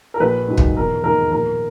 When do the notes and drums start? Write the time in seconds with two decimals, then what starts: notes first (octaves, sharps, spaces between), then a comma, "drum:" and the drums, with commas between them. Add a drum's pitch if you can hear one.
0.14 A#4
0.20 A#1 B4
0.48 G#2 F#3
0.58 drum: kick
0.76 E1 A#4
1.03 D#2 D#3 G#3 A#4
1.31 A#1 A#4